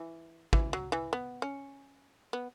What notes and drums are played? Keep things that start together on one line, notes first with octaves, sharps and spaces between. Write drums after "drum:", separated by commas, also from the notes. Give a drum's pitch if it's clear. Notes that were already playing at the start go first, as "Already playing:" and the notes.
Already playing: E3
E3, drum: kick
F#3
E3
B3
C#4
B3